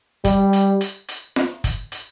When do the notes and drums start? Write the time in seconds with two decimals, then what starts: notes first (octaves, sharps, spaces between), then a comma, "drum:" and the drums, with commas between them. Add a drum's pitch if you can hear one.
0.25 G3, drum: kick, hi-hat
0.53 drum: hi-hat
0.81 drum: hi-hat
1.08 drum: hi-hat
1.36 drum: snare F4
1.64 drum: kick, hi-hat
1.92 drum: hi-hat